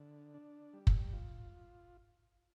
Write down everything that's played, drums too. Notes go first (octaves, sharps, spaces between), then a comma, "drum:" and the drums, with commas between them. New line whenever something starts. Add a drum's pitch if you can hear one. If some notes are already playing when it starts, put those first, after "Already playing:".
Already playing: D3
D4
G3
drum: kick
F4